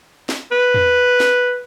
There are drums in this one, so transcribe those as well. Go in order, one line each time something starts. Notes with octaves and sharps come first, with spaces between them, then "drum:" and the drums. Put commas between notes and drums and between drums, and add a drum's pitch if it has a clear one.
drum: snare
B4
drum: tom E2
drum: snare